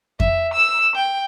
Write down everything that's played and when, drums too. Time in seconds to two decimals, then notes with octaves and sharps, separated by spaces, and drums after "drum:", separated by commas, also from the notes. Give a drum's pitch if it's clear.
0.20 E5, drum: kick F2
0.53 E6 E7
0.96 G5